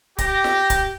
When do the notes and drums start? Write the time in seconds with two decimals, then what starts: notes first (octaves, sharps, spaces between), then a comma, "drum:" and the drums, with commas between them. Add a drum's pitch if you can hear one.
0.18 G4 A#6, drum: kick C#1, hi-hat
0.44 drum: snare
0.70 drum: kick C#1, hi-hat